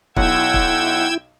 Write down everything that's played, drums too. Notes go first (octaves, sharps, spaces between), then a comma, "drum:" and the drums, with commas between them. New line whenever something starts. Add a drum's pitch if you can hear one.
B1 E4 F#5 G5 E6 G#6, drum: kick
drum: kick